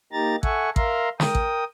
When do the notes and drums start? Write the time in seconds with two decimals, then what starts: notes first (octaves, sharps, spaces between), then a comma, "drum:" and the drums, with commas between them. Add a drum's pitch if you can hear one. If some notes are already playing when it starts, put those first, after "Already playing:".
0.12 A#3 D#4 G4 A#5 A6
0.43 A4 E5 F#5 G#5 C#6, drum: kick A1
0.76 A#4 E5 F5 A#5 C6, drum: kick A1
1.20 A#4 G5 D#6, drum: snare
1.35 drum: kick A1